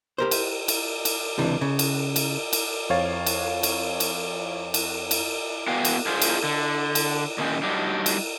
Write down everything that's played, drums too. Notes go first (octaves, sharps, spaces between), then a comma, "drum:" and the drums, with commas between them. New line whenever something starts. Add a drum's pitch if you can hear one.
G4 A#4 C5
drum: cymbal
drum: cymbal
drum: cymbal
C#2 C3 E3 D4
C#3
drum: cymbal
drum: cymbal
drum: cymbal
F2 C5 C#5 F5 A6
drum: cymbal
drum: cymbal
drum: cymbal
drum: cymbal
drum: cymbal
B3 F#4 B4 F5 G5 G#5
drum: cymbal
D4 F4 G#4 C5
drum: cymbal
D3
drum: cymbal
A#2 D3 D#3 C#4 D#4 G4
F#3 G3 D4 D#4
drum: cymbal